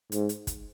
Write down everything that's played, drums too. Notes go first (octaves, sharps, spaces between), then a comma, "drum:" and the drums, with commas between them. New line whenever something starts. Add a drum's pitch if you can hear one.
G#2, drum: hi-hat
drum: hi-hat
drum: kick, hi-hat